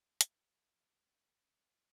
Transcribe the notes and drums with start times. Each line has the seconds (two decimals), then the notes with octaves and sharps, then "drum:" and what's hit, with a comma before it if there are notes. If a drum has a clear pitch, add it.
0.21 E5 F5 A5, drum: hi-hat